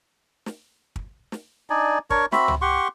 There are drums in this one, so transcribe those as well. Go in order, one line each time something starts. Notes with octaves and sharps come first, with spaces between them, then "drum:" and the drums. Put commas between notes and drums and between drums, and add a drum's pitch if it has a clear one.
drum: snare
drum: kick
drum: snare
D4 D#4 D5 G#5
D4 A#4 C#5 C#6, drum: kick
C4 F#4 E5 B5, drum: snare
drum: tom C#2
G4 F#5 C6 C#6